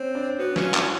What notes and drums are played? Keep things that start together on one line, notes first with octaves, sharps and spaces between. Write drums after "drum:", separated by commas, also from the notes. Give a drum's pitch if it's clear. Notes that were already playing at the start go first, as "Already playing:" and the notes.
Already playing: C4 C#4
D4
B3 F#4
C#4 F#4, drum: snare
F4
C#4 E4, drum: clap